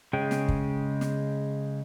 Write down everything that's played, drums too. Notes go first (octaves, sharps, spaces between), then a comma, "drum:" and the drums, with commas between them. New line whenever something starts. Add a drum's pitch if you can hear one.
C#3 G#3 G#4 G5
drum: snare
drum: kick
drum: snare